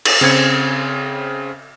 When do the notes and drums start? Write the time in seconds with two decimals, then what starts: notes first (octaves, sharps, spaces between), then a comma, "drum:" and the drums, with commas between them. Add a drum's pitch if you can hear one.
0.05 drum: cymbal
0.21 C#3 C4 G#6 C#7